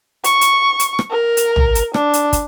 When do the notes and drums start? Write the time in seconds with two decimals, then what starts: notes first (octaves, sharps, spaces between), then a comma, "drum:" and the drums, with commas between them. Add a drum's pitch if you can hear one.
0.24 C#6, drum: hi-hat
0.41 drum: hi-hat
0.80 drum: hi-hat
0.99 drum: rim click
1.10 A#4
1.37 drum: hi-hat
1.56 drum: tom A#1
1.75 drum: hi-hat
1.94 D4, drum: rim click
2.13 drum: hi-hat
2.33 drum: kick, hi-hat